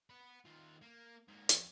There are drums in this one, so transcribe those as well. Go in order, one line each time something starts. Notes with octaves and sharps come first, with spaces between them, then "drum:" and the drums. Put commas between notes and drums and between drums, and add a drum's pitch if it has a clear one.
F#5 B5
D#2 F4
A#3
G#2 A#3
F2, drum: hi-hat